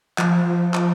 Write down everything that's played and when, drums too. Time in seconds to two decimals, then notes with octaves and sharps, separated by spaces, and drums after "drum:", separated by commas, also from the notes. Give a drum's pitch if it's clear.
0.18 F3, drum: clap
0.74 drum: clap